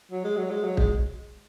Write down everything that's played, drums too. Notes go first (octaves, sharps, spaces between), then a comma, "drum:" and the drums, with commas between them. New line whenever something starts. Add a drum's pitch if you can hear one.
F#3
G#3
F#3
G#3
F#3
G#3, drum: kick